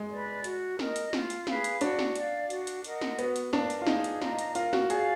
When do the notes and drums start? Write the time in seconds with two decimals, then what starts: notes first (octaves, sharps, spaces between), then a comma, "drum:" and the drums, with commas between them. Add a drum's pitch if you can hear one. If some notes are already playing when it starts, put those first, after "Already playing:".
Already playing: G#3
0.10 B4 D5
0.44 F#4, drum: hi-hat
0.79 A#4 D#5, drum: snare
0.96 drum: hi-hat
1.13 F4, drum: snare
1.30 drum: hi-hat
1.47 G#4 B4 F5, drum: snare
1.64 drum: hi-hat
1.81 D4 F#4, drum: hi-hat
1.99 drum: snare
2.16 D5 F5, drum: hi-hat
2.50 F#4, drum: hi-hat
2.67 drum: hi-hat
2.84 A#4 D#5 F#5, drum: hi-hat
3.01 drum: snare
3.19 B3 F#4, drum: hi-hat
3.36 drum: hi-hat
3.53 D4 A#4 F5, drum: snare
3.70 drum: hi-hat
3.81 F4
3.87 D#4 G#4, drum: snare
4.04 drum: hi-hat
4.22 F4 D#5 A#5, drum: snare
4.39 drum: hi-hat
4.55 F4 A#4, drum: hi-hat
4.73 F#4, drum: snare
4.90 G#4 D5 F5, drum: hi-hat